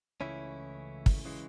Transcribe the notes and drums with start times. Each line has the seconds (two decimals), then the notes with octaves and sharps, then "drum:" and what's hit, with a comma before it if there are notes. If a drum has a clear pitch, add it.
0.21 C#2 C#3 E3 A3 C#4 E4
1.06 drum: kick
1.25 C#3 E3 G#3